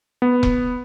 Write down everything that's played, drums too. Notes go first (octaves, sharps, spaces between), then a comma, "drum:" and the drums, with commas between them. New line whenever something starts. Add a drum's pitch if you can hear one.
B3
drum: kick E1